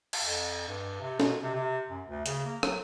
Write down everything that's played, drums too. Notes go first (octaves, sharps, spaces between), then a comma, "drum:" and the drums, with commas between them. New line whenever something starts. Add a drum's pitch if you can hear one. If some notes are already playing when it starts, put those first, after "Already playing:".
drum: cymbal
F2
G2
C3
B2, drum: snare
C3
C3
F#2
D2
C#3, drum: hi-hat
A#3
F#3, drum: rim click